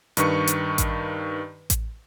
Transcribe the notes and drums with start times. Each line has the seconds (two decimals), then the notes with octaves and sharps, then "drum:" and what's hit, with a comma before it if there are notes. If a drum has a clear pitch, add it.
0.17 G2 D#3 B4 C#6 C#7, drum: hi-hat
0.47 drum: hi-hat
0.78 drum: kick A1, hi-hat
1.70 drum: kick A1, hi-hat